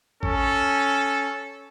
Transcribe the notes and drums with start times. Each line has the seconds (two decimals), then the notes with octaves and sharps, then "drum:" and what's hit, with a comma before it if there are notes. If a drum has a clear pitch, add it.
0.23 C#4 A4, drum: kick A1